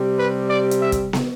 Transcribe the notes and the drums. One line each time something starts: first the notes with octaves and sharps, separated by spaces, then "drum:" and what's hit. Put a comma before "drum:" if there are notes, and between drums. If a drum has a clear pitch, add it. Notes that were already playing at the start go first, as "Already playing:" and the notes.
Already playing: C3 G3
B4
D5
drum: hi-hat
E5
drum: kick, hi-hat
drum: snare